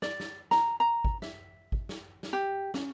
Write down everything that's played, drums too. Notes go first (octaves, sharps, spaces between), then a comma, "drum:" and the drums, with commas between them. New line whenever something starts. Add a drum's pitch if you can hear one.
D5, drum: snare
drum: snare
A#5, drum: snare
A#5
drum: kick
E5, drum: snare
drum: kick
drum: snare
drum: snare
G4
C#4, drum: snare